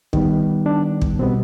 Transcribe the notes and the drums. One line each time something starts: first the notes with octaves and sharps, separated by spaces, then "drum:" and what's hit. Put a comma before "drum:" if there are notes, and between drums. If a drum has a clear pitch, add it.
D#3 G3 B3, drum: kick
D4
drum: kick
B2 G3 B3 C4